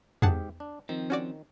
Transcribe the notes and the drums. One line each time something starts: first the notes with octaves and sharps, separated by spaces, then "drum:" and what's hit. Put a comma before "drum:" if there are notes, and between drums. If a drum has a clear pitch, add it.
G#2 G4 G#4 F#5 A5, drum: tom E2
D4
D#3 F3 C4
C#4 F#4 D5